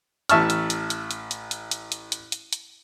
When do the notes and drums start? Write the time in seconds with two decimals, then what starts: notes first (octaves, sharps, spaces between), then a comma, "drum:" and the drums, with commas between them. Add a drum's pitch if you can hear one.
0.29 A1 E5 A5 C#6 F6, drum: hi-hat
0.50 drum: hi-hat
0.70 drum: hi-hat
0.90 drum: hi-hat
1.11 drum: hi-hat
1.31 drum: hi-hat
1.51 drum: hi-hat
1.71 drum: hi-hat
1.92 drum: hi-hat
2.12 drum: hi-hat
2.32 drum: hi-hat
2.53 drum: hi-hat